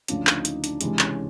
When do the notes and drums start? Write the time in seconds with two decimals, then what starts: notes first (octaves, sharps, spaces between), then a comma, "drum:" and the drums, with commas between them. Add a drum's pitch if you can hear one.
0.08 D2 C#3 F3 D4, drum: hi-hat
0.27 D#4, drum: clap
0.45 D#4, drum: hi-hat
0.64 D4, drum: hi-hat
0.81 C#2 C3 E3 G#3 D4, drum: hi-hat
0.99 C#4, drum: clap